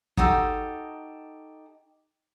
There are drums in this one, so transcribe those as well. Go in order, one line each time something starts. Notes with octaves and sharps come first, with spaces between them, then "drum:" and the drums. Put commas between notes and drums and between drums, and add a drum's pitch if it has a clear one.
D#4 F#4 G4 A4, drum: kick